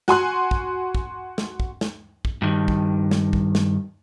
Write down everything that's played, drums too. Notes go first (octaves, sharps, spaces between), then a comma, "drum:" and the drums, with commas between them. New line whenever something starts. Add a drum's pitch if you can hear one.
F#4 G#5 C6 F#6, drum: snare
drum: kick
drum: kick
drum: snare
drum: kick
drum: snare
drum: kick
G2 D#3
drum: kick
drum: snare
drum: kick
drum: snare